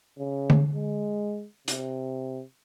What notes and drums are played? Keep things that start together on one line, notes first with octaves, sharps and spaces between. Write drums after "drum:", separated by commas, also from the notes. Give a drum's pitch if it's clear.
C#3
drum: tom D3
G#3
C3, drum: hi-hat